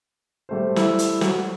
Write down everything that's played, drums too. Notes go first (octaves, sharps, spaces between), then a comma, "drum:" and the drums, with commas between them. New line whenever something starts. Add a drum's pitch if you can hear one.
G3 A3 C5
E4, drum: snare
drum: hi-hat
F#3, drum: snare